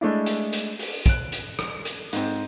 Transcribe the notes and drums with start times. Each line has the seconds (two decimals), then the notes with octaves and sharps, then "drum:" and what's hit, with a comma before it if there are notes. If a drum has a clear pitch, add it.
0.01 G#3 A3 D4 E4
0.26 drum: hi-hat
0.53 drum: hi-hat
0.79 drum: open hi-hat
1.06 F#6 D7, drum: kick, hi-hat
1.32 drum: hi-hat
1.59 drum: rim click
1.85 drum: hi-hat
2.13 G#2 C4, drum: hi-hat